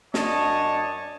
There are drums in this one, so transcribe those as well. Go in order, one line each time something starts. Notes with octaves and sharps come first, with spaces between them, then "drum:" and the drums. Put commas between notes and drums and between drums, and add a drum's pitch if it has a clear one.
F#2 D4 C#5 D#5 A5, drum: snare